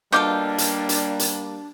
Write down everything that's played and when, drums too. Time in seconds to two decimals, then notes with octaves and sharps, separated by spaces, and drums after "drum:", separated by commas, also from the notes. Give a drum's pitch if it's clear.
0.12 B2 G3 A#3 D4 F4 A4 D6 G6
0.58 drum: hi-hat
0.89 drum: hi-hat
1.19 drum: hi-hat